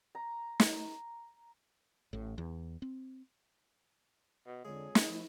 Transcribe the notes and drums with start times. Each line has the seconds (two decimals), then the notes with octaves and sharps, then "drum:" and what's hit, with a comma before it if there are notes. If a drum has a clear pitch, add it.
0.15 A#5
0.60 drum: snare
2.13 A1 A2
2.38 E2
2.82 C4
4.47 B2
4.65 F2 D3 G#3 G#4 C#5
4.95 C#4, drum: snare
5.08 F3 E4